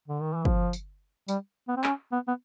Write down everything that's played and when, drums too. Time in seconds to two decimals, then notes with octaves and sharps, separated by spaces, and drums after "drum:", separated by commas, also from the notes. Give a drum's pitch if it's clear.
0.08 D3
0.21 D#3
0.34 E3
0.45 F3, drum: kick
0.73 drum: tambourine
1.28 G3, drum: tambourine
1.68 B3
1.76 C4
1.84 C#4, drum: clap
2.12 B3
2.28 B3